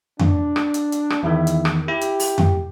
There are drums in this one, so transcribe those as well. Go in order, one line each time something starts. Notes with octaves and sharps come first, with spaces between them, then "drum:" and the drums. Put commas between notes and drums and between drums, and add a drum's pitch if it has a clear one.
D4, drum: tom F2
drum: rim click
drum: hi-hat
drum: hi-hat
drum: rim click
E2 D#3 E4
drum: hi-hat
drum: rim click
E4 G4
drum: hi-hat
drum: open hi-hat
drum: tom F2